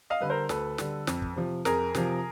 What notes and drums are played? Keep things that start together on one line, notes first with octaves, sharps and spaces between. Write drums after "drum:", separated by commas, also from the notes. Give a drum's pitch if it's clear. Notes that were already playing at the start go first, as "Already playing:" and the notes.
D#5 F5
D3 G3 B4
A#4 C5
D2 A4 B4, drum: snare
D3 G3, drum: snare
F2, drum: snare
drum: kick
C3 F3
F2 G#4 A#4, drum: snare
C3 F3, drum: snare